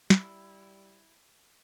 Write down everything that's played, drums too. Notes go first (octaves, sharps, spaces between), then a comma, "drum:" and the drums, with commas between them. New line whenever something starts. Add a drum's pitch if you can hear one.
G3 E4, drum: snare